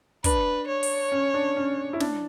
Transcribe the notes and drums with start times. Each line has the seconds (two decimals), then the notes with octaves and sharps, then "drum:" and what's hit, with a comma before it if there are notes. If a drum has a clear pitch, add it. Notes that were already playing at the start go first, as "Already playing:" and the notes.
0.24 D4 B4, drum: kick, hi-hat
0.68 C#5
0.83 drum: open hi-hat
1.12 C#4
1.34 D4
1.57 C#4
1.93 E4
2.00 D4, drum: snare